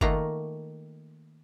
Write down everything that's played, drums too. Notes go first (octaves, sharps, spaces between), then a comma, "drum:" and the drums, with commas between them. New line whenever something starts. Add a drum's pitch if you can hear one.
D#3 A3 A#3 F4 F#5 A#5, drum: kick G1